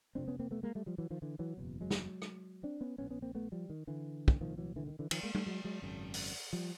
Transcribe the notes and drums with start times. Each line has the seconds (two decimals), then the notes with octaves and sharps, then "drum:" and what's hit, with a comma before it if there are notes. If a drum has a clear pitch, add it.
0.15 F1 F2 C3 C4 D4
0.28 B3 C#4
0.39 A#3 C4
0.51 A3 B3
0.63 G#3 A#3
0.75 G3 A3
0.86 F3 G3
0.98 E3 F#3
1.10 D#3 F3
1.22 D3 E3
1.39 E3 F#3
1.57 F#1 E2 B2
1.81 F#3 G#3
1.90 drum: snare
2.22 drum: rim click
2.63 C4 D4
2.81 B3 C#4
2.98 A#1 A2 B3 C#4
3.10 B3 C#4
3.22 A#3 C4
3.35 A3 B3
3.52 F3 G3
3.70 D#3
3.87 D3 E3
4.28 drum: kick
4.40 C2 A#2 D#3 F3
4.58 E3 F#3
4.76 D3 E3
4.87 D#3
4.99 D3 E3
5.11 D#3 F3, drum: cymbal
5.23 G#3 A#3
5.35 G3 A3, drum: tom G3
5.46 F#3 G#3
5.64 F#3 G#3
5.82 G#1 F#2 C#3
6.14 drum: open hi-hat
6.53 F3 G3